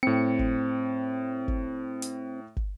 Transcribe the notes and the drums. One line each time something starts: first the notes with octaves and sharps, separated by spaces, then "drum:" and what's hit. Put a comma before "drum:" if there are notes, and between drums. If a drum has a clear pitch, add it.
A2 C4 C#7
drum: kick
drum: kick
drum: hi-hat
drum: kick